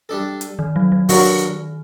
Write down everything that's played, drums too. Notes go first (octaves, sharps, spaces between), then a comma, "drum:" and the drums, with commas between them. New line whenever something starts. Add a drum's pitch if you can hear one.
G3 D4 A4
drum: hi-hat
D#3
F#3
F#3
G2 D3 D#3 F#3 A#3 F#4, drum: open hi-hat